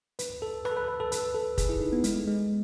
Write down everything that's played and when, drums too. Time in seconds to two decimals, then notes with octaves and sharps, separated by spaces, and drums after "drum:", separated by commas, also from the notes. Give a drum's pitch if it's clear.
0.19 B4, drum: hi-hat
0.42 A4
0.65 B4, drum: rim click
0.71 A4
0.77 B4
0.88 B4
1.00 A4
1.12 B4, drum: hi-hat
1.34 A4
1.58 G#4, drum: kick, hi-hat
1.69 E4
1.80 D#4
1.93 B3
2.04 G#3, drum: hi-hat
2.27 G#3